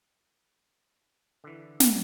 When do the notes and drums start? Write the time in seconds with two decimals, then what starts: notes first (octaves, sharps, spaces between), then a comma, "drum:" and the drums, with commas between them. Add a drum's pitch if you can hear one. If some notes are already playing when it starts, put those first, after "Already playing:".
1.44 D3 E3
1.80 drum: snare